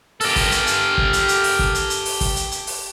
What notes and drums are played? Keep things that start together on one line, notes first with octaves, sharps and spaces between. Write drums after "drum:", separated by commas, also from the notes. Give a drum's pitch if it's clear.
G4 A4 A#4, drum: open hi-hat
drum: kick, open hi-hat
drum: hi-hat
drum: hi-hat
drum: kick
drum: hi-hat
drum: hi-hat
drum: open hi-hat
drum: kick
drum: hi-hat
drum: hi-hat
drum: open hi-hat
drum: kick, open hi-hat
drum: hi-hat
drum: hi-hat
drum: open hi-hat